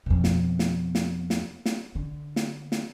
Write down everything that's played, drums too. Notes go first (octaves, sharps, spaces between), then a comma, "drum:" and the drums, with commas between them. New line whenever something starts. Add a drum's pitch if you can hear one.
F2 B2
drum: snare
drum: snare
drum: snare
drum: snare
drum: snare
D3
drum: snare
drum: snare